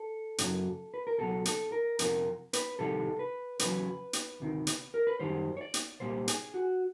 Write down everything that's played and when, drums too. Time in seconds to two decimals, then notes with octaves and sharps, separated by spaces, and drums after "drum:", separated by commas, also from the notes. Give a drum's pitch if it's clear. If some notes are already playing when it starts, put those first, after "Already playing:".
Already playing: A4
0.38 F#2 C#3 F#3, drum: hi-hat
0.94 B4
1.07 A#4
1.18 C#2 B2 F#3 A4
1.45 A4, drum: hi-hat
1.72 A#4
1.99 F2 C3 F3 A#4, drum: hi-hat
2.53 B4, drum: hi-hat
2.79 C2 C3 D#3 G3 A4
3.19 B4
3.59 E2 C#3 F#3 B4, drum: hi-hat
4.13 drum: hi-hat
4.40 D2 C3 D#3
4.67 drum: hi-hat
4.94 A#4
5.07 B4
5.20 F#2 D#3 G3 C5
5.57 C#5
5.61 D5
5.74 drum: hi-hat
6.00 C2 A#2 G3 C5
6.28 G#4, drum: hi-hat
6.54 F#4